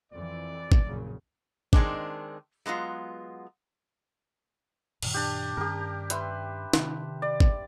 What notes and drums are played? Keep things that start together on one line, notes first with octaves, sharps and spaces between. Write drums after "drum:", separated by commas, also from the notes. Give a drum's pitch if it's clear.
F2 E3 D5
drum: kick G#1
A#1 F#2 C#3
D#3 G#3 C4 D4, drum: kick G#1
F#3 G#3 B3 F4
F#2 A#2 D#3, drum: cymbal
D4 G4
G2 D#3 C#4 G4 A#4
B4 E5 C6, drum: hi-hat
C3 D#3, drum: snare
D5
drum: kick G#1